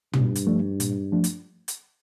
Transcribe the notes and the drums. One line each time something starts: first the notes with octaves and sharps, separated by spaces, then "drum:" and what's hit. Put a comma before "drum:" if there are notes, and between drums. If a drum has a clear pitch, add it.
G2 A#2, drum: tom
drum: hi-hat
F3 A3 D4
A#2, drum: hi-hat
F3 A3 D4
drum: hi-hat
drum: hi-hat